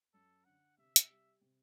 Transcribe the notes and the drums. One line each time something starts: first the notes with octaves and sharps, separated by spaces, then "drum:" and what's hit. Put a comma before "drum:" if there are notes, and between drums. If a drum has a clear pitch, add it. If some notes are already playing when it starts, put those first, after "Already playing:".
F#2 A4
D3 F#5
C3 E5
drum: hi-hat
G3
C3